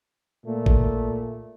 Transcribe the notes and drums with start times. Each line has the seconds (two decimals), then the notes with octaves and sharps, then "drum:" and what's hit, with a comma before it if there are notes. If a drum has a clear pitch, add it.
0.45 A#2 A3
0.66 drum: kick